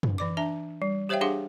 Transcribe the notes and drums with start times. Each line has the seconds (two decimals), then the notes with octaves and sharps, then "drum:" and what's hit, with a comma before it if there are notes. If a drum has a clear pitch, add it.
0.03 drum: tom F#2
0.18 E3 D5 D6
0.37 D4 E5 A#5
0.82 G3
1.09 G4 C5 C#5 E5 F5 G5
1.21 D4 G4 G#4 F5 F#5 C6